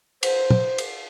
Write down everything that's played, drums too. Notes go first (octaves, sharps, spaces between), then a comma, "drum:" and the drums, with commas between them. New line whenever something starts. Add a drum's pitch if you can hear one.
C5, drum: cymbal
drum: tom
drum: cymbal